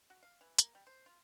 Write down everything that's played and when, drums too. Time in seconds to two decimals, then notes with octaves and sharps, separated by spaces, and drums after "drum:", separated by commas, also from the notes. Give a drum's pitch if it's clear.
0.10 F#4
0.23 F5
0.41 E3
0.59 A#3, drum: hi-hat
0.75 G3
0.87 C5
1.06 F4